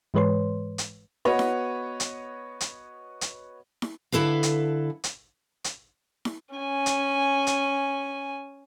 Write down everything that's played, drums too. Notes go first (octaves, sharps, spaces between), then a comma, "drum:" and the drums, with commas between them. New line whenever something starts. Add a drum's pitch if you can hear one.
G#2 E3 G#3 B4 C#5 C6
drum: hi-hat
B3 F#4 B4 C#5 D#5
drum: snare E4
drum: hi-hat
drum: hi-hat
drum: hi-hat
drum: snare E4
D3 E4 A4 B4 F5
drum: hi-hat
drum: hi-hat
drum: hi-hat
drum: snare E4
C#4 G#5
drum: hi-hat
drum: hi-hat